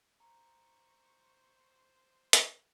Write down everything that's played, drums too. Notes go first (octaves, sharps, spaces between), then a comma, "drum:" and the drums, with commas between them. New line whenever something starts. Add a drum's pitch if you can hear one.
C5 A#5 C#6
drum: hi-hat